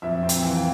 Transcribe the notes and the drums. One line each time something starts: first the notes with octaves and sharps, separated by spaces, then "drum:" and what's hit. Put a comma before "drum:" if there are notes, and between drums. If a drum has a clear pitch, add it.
F2 E5
C4
G5, drum: hi-hat
E3 F5
G5